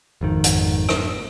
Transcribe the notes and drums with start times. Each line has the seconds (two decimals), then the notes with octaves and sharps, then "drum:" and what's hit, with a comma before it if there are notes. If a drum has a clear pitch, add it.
0.21 G#1 F2 D#3
0.44 drum: hi-hat
0.89 drum: rim click